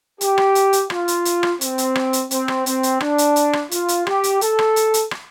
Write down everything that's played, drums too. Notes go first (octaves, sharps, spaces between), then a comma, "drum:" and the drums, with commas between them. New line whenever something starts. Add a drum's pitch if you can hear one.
G4, drum: hi-hat
drum: rim click
drum: hi-hat
drum: hi-hat
F4, drum: rim click
drum: hi-hat
drum: hi-hat
drum: rim click
C4, drum: hi-hat
drum: hi-hat
drum: rim click
drum: hi-hat
C4, drum: hi-hat
drum: rim click
C4, drum: hi-hat
drum: hi-hat
D4, drum: rim click
drum: hi-hat
drum: hi-hat
drum: rim click
F4, drum: hi-hat
drum: hi-hat
G4, drum: rim click
drum: hi-hat
A4, drum: hi-hat
drum: rim click
drum: hi-hat
drum: hi-hat
drum: rim click